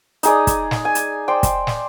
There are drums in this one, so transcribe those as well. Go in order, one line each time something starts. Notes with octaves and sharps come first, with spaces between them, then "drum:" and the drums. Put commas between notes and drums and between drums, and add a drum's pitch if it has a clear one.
D#4 G#4 D5, drum: hi-hat
drum: kick, hi-hat
drum: snare
G#5
drum: hi-hat
C5 D5 G5
drum: kick, hi-hat
drum: snare